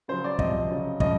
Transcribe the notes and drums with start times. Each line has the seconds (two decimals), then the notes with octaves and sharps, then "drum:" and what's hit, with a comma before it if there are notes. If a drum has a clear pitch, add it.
0.08 C#3 F#3 C5
0.24 D5
0.39 C3 F3 D#5, drum: kick
0.70 C#3 F#3
1.00 C#3 F3 D#5, drum: kick